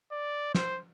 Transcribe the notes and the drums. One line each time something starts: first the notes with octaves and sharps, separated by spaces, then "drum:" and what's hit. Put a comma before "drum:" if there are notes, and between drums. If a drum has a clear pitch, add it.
D5
C5, drum: snare